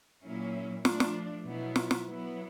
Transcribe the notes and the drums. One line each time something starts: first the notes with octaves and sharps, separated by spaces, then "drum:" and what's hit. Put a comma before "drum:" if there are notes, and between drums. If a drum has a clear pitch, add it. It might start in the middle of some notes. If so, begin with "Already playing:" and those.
A#2 F#3 A#3 C#4 E4
F3 A3 D4, drum: snare
drum: snare
B2 F#3 B3 E4
drum: snare
drum: snare
F#3 B3 E4